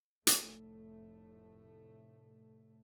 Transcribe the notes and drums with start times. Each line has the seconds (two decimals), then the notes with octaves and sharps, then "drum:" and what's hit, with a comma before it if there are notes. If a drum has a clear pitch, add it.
0.27 F1 A2 A3, drum: hi-hat